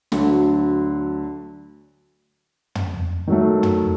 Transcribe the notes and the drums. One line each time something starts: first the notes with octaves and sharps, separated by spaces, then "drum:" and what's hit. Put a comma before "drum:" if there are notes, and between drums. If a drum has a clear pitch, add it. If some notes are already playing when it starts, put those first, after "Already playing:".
D2 D3 F#3, drum: snare
drum: tom
D#3 F#3 A3
drum: tom